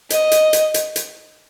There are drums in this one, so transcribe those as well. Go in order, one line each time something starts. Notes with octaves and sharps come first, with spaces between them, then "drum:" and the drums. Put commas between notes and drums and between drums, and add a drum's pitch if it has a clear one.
D#5, drum: hi-hat
drum: hi-hat
drum: hi-hat
drum: hi-hat
drum: hi-hat